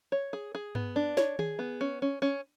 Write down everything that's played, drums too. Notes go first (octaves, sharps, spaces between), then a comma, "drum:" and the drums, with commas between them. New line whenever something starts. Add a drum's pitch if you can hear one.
C#5
G#4
G#4
B3, drum: tom G2
D4
C#5, drum: snare
G#4, drum: tom D#3
B3
C#4
C#4
C#4